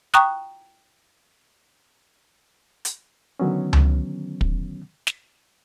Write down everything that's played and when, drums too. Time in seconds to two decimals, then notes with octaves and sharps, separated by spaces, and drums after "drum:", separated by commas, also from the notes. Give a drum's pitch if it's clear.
0.14 G5 A#5 C#6 D#6 F#6, drum: snare
2.85 drum: hi-hat
3.40 D3 D#3 F#3 B3 C#4
3.73 drum: tom C#2
4.41 drum: kick
5.07 drum: snare